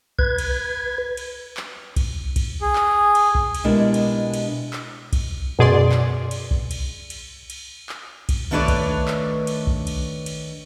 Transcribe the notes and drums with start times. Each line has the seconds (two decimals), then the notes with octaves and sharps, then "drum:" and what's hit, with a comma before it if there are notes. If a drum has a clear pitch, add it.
0.19 B4 G#6, drum: kick B1
0.38 drum: cymbal
1.17 drum: cymbal
1.57 drum: clap
1.96 drum: kick B1, cymbal
2.36 drum: kick B1, cymbal
2.62 G#4
2.76 drum: clap
3.15 drum: cymbal
3.35 drum: kick B1
3.55 drum: cymbal
3.64 B2 G#3 D4 E4 G4 A#4
3.94 drum: cymbal
4.34 drum: cymbal
4.73 drum: clap
5.13 drum: kick B1, cymbal
5.59 F#2 B2 G#4 D5 C6
5.92 drum: clap
6.31 drum: cymbal
6.51 drum: kick B1
6.71 drum: cymbal
7.10 drum: cymbal
7.50 drum: cymbal
7.89 drum: clap
8.29 drum: kick B1, cymbal
8.51 D#3 A3 D4 B4 C#5 D5
8.68 drum: kick B1, cymbal
9.08 drum: clap
9.47 drum: cymbal
9.67 drum: kick B1
9.87 drum: cymbal
10.26 drum: cymbal